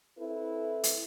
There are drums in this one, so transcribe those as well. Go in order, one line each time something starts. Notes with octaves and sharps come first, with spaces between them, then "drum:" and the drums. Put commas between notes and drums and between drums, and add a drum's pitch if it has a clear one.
C4 E4 A4 B4
drum: hi-hat